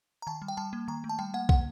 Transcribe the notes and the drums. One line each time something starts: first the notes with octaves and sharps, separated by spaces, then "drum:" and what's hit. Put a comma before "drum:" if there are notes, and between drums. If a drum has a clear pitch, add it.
A#5
D#3 A5
G3
G5
G3 A5
A#3
D#3 A#5
A3
A5
G3 G5
A#3 F#5
D3 F#5, drum: kick